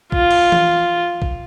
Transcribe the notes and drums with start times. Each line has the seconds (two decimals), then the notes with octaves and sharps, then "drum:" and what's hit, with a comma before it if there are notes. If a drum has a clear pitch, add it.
0.12 F4, drum: kick
0.31 drum: cymbal
0.52 drum: tom E3
1.22 drum: kick